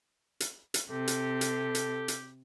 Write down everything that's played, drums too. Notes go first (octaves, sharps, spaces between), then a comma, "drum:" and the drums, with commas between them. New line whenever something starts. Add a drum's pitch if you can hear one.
drum: hi-hat
drum: hi-hat
C3 G4 A4
drum: hi-hat
drum: hi-hat
drum: hi-hat
drum: hi-hat